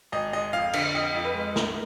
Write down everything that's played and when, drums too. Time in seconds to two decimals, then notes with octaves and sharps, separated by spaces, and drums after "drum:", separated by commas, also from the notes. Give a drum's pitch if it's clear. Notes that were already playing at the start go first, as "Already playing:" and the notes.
0.12 G#1 D#5
0.33 G#3 D#5
0.53 F2 F5
0.73 D3, drum: cymbal
0.94 F2 D#5
1.15 F2
1.25 B4
1.35 G#3
1.56 A#1 A#4, drum: snare